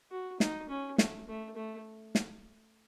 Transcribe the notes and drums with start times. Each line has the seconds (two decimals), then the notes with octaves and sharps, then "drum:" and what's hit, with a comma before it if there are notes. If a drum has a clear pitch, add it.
0.11 F#4
0.40 D#4, drum: snare
0.69 C#4
0.98 A3, drum: snare
1.28 A3
1.56 A3
2.15 drum: snare